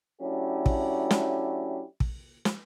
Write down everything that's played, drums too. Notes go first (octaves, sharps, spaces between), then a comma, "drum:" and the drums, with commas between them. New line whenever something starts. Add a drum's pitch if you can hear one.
F#3 A3 C#4 D4 E4 G4
drum: kick
drum: snare
drum: kick
drum: snare